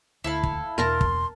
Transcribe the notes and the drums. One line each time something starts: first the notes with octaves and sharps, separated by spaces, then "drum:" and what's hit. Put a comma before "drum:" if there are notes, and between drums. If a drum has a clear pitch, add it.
D2 E4 A4 F5
drum: kick
E2 B2 D4 A#4 A5 A#5 C6
drum: kick